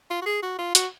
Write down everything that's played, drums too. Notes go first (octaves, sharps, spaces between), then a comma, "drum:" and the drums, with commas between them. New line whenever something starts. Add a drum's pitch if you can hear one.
F4
F#4
G#4
F#4
F4
F#4, drum: hi-hat